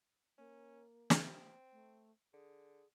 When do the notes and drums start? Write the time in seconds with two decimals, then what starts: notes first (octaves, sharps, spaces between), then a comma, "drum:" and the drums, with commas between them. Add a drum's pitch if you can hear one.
0.38 A#3 C#4
1.10 C4, drum: snare
1.72 A3
2.33 D3 G#4